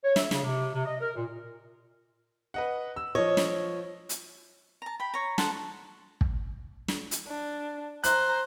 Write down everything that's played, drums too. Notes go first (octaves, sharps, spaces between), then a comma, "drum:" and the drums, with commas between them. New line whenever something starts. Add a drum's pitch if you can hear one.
C#5
E5, drum: snare
C#3, drum: snare
C3
C3
D#5
A#4
A#2
B4 D#5 F#5
E6
F3 C#5 D#5
drum: snare
drum: hi-hat
A5 A#5
G5 B5
C#5 A#5
A4 C5 F#5 A5, drum: snare
drum: kick
drum: snare
drum: hi-hat
D4
C5 A#5 F#6, drum: hi-hat